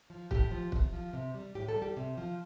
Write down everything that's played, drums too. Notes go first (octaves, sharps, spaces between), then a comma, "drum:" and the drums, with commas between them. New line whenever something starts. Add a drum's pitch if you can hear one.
F3
A2 G4, drum: kick
F3
C3, drum: kick
F3
C3
G3
A2 G4
A4
G3
G4
C3
F3